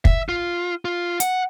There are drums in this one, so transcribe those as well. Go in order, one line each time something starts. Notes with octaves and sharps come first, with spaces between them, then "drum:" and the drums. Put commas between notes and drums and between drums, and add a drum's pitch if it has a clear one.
E5, drum: kick
F4
F4
F#5, drum: hi-hat